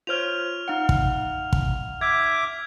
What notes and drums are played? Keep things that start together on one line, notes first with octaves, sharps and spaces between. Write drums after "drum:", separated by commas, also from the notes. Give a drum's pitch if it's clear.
F4 C5 C#5 F6 F7
D#4 F5 F#5
drum: kick
drum: kick
E5 D6 G#6